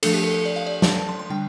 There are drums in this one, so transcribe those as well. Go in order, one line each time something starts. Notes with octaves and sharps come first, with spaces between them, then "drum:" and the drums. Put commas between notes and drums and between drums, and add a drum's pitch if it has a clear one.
F3 A3 D4 A4, drum: cymbal
G4
A4
A4
D5
F5
D5
A5, drum: snare
A5
C6
C6
D3 G3 D4 G5